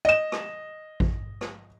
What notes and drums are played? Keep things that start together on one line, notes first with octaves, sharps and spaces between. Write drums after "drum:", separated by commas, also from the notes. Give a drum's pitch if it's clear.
D#5 E7
drum: rim click
drum: kick A1
drum: rim click